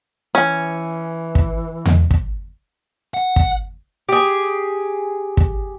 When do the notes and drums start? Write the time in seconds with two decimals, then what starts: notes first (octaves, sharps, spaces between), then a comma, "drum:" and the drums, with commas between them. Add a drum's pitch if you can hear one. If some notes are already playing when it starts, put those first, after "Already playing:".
0.35 E3 C#4
1.35 drum: kick
1.86 drum: tom E2
2.11 drum: kick
3.14 F#5
3.36 drum: kick
4.09 G4 G#4
5.37 drum: kick